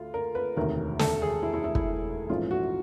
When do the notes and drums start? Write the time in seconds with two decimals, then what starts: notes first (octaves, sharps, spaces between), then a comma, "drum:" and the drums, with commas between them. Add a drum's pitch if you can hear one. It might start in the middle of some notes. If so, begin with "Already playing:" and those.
Already playing: D2 D3 F4
0.14 A#4
0.35 B4
0.56 E1 D2 C3 D#3 A#4
0.99 A4, drum: snare
1.22 G#4
1.43 E4
1.54 E4
1.64 E4
1.75 E4, drum: kick
2.29 A#1 G#2 E3 A3 C#4 F4
2.51 F#4